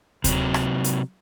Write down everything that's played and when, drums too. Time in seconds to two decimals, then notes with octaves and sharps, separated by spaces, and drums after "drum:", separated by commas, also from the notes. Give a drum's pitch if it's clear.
0.24 C3 F#3, drum: kick D2, hi-hat
0.54 drum: rim click
0.84 drum: hi-hat